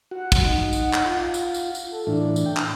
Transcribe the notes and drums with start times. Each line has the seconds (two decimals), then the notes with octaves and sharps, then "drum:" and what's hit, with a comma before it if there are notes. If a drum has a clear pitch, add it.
0.11 F#4 F#5
0.32 drum: kick, tambourine
0.45 D#4
0.73 drum: tambourine
0.93 drum: clap
1.05 F4
1.34 drum: tambourine
1.54 drum: tambourine
1.75 drum: tambourine
1.91 A4
2.07 A2 E3 D4
2.36 drum: tambourine
2.46 G5
2.57 drum: clap